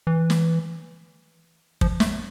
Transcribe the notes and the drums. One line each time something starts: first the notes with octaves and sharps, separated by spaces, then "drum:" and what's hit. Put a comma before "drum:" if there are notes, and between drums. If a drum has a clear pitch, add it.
E3
drum: snare
F3, drum: kick
A3, drum: snare